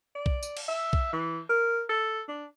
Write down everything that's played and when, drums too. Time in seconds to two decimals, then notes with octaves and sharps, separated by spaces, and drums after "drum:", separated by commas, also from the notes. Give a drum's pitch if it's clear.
0.15 D5
0.26 drum: kick B1
0.43 drum: tambourine
0.57 drum: cymbal
0.68 E5
0.93 drum: kick B1
1.13 E3
1.49 A#4
1.89 A4
2.28 D4